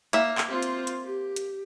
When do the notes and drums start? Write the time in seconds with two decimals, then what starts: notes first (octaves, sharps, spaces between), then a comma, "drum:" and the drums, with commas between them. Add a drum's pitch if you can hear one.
0.13 A#3 E5, drum: hi-hat
0.38 drum: clap
0.49 C4 F4
0.63 drum: hi-hat
0.87 drum: hi-hat
1.03 G4
1.36 drum: hi-hat